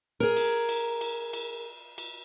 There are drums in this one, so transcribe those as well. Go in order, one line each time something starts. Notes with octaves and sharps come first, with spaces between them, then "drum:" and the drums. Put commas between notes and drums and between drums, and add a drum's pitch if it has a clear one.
G#4 A#4
drum: cymbal
drum: cymbal
drum: cymbal
drum: cymbal
drum: cymbal